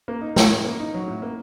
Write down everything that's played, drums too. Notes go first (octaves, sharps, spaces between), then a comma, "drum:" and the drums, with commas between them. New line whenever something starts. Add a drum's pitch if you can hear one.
A#3
D#4
F#3, drum: snare
A2
A#3
D#4
F#3
A2
A#3